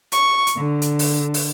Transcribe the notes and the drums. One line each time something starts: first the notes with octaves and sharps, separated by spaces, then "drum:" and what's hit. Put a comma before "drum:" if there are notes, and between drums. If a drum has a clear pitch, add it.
C#6, drum: hi-hat
drum: hi-hat
D3
drum: hi-hat
drum: open hi-hat
drum: open hi-hat